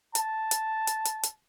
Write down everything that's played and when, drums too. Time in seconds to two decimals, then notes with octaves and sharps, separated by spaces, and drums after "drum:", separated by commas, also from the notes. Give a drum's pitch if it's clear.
0.15 A5, drum: hi-hat
0.51 drum: hi-hat
0.87 drum: hi-hat
1.05 drum: hi-hat
1.23 drum: hi-hat